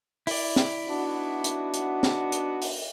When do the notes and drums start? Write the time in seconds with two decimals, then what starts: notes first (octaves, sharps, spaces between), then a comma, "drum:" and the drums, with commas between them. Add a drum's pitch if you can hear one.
0.27 E4 D5, drum: open hi-hat
0.56 drum: snare
0.88 B3 D4 D#4 F#4
1.44 drum: hi-hat
1.74 drum: hi-hat
2.03 drum: snare
2.32 drum: hi-hat
2.62 drum: open hi-hat